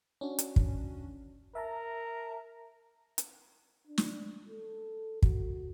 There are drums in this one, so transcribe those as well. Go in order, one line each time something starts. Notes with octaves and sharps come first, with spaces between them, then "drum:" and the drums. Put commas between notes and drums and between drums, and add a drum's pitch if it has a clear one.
C#4 D4 F#4
drum: hi-hat
drum: kick
A#4 E5 A5 A#5
drum: hi-hat
D4
drum: snare
A4
F#4, drum: kick